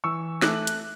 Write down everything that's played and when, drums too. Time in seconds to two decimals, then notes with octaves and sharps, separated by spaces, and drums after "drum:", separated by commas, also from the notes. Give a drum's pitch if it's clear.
0.04 E3 C#6 E6
0.42 A3 D6 F#6, drum: snare
0.67 drum: hi-hat